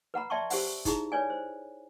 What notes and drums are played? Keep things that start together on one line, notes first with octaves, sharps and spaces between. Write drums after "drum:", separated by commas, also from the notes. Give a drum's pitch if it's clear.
B4 F#5 A#5 B5
D5 E5 G5 A5 C6 C#6
G4 C5 F#5, drum: open hi-hat
D#4 E4 G#4 A#5, drum: kick, hi-hat
B4 C#5 D5 G#5
C5